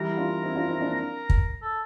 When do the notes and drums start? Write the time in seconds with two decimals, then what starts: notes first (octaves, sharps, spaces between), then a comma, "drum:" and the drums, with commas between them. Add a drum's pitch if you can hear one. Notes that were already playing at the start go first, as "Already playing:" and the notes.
Already playing: E3 G3 A#4
0.17 D4 F4
0.43 C4 E4
0.56 D4 F4
0.68 C4 E4
0.81 A#3 D4
0.94 A#4
1.30 drum: kick
1.62 A4